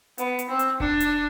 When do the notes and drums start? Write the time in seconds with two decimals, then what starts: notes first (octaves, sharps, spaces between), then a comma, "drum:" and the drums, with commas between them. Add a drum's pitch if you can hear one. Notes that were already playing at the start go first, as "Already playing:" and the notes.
0.18 B3, drum: hi-hat
0.39 drum: hi-hat
0.49 C4
0.59 drum: hi-hat
0.80 D4, drum: kick F1
1.00 drum: hi-hat